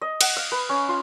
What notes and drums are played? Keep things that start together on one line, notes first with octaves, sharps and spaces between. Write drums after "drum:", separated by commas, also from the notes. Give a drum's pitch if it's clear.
D#5
F#5, drum: cymbal
F5
B4
C#4
F4